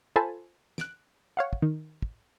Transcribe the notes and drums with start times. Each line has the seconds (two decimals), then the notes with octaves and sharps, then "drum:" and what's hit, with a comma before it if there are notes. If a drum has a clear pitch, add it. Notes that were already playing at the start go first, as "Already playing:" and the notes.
0.16 F4 A4 C5 G#5 A5 B5
0.78 F#6 D7, drum: snare
1.37 C#5 F5 F#5
1.53 drum: kick
1.62 D#3
2.02 drum: kick